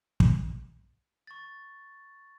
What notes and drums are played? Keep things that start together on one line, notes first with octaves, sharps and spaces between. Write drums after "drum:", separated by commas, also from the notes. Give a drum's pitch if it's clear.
drum: kick
C#6 A6